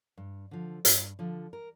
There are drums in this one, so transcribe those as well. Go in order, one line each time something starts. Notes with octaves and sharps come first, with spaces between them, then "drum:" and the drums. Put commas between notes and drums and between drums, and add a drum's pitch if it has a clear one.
G2
D3 F3
G2, drum: hi-hat
D3 F3
A#4